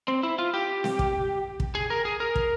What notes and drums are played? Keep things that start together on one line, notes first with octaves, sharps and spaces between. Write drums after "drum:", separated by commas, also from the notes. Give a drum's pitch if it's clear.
C4
E4
F4
G4
drum: snare C4
drum: kick
drum: kick
G#4
A#4
G#4
A#4
drum: kick